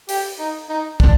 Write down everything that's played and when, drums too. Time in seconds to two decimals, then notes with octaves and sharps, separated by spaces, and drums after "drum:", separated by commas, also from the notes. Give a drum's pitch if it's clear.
0.09 G4, drum: open hi-hat
0.39 D#4
0.70 D#4
1.00 D4, drum: kick